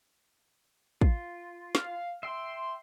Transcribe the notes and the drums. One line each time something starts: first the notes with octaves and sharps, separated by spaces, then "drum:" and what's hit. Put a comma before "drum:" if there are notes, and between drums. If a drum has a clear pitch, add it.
F4, drum: kick
F5, drum: snare
E5 G5 C6